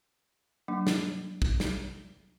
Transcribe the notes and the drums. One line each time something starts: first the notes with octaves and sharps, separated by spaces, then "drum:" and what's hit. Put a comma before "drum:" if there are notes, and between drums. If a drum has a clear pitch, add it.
F#3 A#3 D4
drum: snare
drum: kick
drum: snare